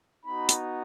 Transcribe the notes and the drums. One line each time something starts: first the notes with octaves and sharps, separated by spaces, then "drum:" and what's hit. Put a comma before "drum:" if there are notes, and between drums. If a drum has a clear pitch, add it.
B3 D#4 F#4 B5
drum: hi-hat